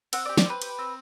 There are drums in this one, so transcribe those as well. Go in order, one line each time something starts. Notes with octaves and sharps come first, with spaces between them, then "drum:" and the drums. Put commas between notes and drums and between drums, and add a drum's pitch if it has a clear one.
C4 F#5, drum: cymbal
D5
G4
D5, drum: snare
C4 B4
G4, drum: cymbal
C4